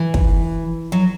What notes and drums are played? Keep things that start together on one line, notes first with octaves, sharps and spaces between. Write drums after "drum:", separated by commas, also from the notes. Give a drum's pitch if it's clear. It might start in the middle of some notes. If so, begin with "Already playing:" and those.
Already playing: E3
drum: kick
F#3